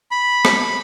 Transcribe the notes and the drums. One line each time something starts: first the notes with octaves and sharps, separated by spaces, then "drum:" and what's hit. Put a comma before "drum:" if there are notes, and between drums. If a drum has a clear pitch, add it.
B5
drum: rim click